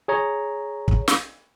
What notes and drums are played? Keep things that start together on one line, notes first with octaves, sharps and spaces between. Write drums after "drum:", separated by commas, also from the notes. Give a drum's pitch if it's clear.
G#4 C#5 A#5
drum: kick
drum: snare